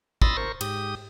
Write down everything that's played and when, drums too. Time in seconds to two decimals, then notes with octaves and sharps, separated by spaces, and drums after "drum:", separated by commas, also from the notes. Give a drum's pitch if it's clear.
0.22 B5 C6 D#6 E6 A6 A#6, drum: kick
0.37 A#4 C5 C#6
0.61 G#2 G4 D#6, drum: cymbal